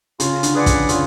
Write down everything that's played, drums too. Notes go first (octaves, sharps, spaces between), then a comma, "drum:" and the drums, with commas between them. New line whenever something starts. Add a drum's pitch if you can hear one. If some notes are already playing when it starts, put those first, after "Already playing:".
C#3 F4, drum: hi-hat
D3, drum: hi-hat
G#4 B4 D5 F#5
C#3, drum: kick, hi-hat
C#3 F4, drum: hi-hat